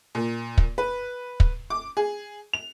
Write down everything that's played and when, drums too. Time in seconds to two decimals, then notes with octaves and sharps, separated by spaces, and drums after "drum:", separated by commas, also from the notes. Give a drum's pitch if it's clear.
0.15 A#2
0.58 drum: kick
0.78 B4
1.40 drum: kick
1.70 D6
1.97 G#4
2.53 F7